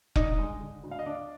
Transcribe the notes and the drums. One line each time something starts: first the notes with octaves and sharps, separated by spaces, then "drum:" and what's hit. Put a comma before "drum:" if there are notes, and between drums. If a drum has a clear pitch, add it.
D3 D#4 D#5, drum: kick F1
G#3
D3
D2
F5
D#5
D3 D4 D5